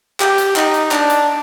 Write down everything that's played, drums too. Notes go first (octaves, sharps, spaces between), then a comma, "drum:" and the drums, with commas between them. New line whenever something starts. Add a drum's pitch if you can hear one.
G4, drum: clap
drum: hi-hat
D#4, drum: clap
drum: hi-hat
D4, drum: clap
drum: hi-hat